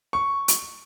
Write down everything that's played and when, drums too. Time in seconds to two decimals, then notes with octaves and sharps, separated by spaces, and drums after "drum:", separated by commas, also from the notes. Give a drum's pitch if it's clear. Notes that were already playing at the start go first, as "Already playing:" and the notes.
0.13 C#6
0.48 drum: hi-hat